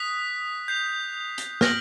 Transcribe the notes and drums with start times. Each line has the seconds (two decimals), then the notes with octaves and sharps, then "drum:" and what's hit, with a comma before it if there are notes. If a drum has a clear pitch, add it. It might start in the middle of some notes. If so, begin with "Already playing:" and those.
Already playing: D#6 F#6 B6
0.68 G6 C7 F7
1.38 drum: hi-hat
1.61 F6 A#6 D7 F#7, drum: snare